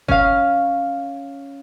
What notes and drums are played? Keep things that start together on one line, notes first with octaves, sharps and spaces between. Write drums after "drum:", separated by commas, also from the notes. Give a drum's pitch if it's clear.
C#4 F5, drum: kick F#1